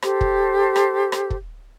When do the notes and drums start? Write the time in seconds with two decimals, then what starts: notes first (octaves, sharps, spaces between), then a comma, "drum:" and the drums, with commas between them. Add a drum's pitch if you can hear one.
0.02 G4 A4 C5, drum: rim click
0.21 drum: kick
0.76 drum: rim click
1.12 drum: rim click
1.30 drum: kick